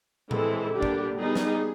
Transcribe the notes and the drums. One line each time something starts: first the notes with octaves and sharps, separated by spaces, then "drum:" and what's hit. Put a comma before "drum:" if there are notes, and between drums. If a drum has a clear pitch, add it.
E3 G#3 C4 E4 A4, drum: tom A2
D3 G3 A#3 D4 G4
drum: kick
G3 B3 D#4 G#4
drum: snare